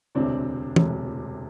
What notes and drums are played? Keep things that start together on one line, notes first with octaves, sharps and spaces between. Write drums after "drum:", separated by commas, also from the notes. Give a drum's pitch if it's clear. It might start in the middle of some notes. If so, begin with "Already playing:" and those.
E1 D2 C3 C4 D4
E1 D2 C3, drum: tom